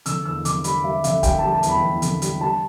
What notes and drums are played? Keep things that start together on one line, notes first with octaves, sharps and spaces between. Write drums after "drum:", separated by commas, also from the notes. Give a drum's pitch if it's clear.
D3 E6, drum: hi-hat
E2 E6
D3 D6, drum: hi-hat
G3 B5, drum: hi-hat
G3 E5
D3 E5, drum: hi-hat
G3 G5, drum: kick, hi-hat
G3 A5
A5
E2, drum: hi-hat
B5
E2
D3, drum: hi-hat
G3, drum: hi-hat
G3 A5